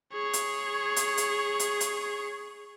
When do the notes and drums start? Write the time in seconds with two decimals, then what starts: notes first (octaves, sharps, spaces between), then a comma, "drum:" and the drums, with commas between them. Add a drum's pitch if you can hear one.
0.12 G#4 C#5
0.33 drum: hi-hat
0.96 drum: hi-hat
1.17 drum: hi-hat
1.59 drum: hi-hat
1.81 drum: hi-hat